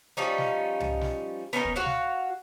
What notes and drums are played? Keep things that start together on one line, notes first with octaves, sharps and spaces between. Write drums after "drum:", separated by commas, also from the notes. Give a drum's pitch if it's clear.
F3 G3 C#4 D#4
drum: snare
drum: tom C2
drum: snare
B3 C#4 D#4 A#4
drum: kick
F#4 C#5 F5
drum: snare